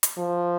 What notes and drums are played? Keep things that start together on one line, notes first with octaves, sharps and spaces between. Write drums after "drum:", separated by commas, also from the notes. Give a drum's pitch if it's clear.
drum: hi-hat
F3